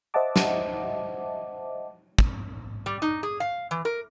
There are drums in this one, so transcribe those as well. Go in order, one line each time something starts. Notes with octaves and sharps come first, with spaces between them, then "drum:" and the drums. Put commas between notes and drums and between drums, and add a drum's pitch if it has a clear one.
C5 D#5 E5 F#5 A5 D6
drum: snare
drum: kick
G3
D#4
G#4
F5
E3
A#4